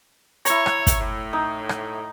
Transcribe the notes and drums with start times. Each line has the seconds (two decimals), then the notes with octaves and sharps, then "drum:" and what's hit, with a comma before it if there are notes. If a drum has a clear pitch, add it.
0.45 E4 C#5 A#5, drum: hi-hat
0.66 drum: rim click
0.87 drum: kick, hi-hat
0.99 A2
1.33 D#4
1.69 drum: rim click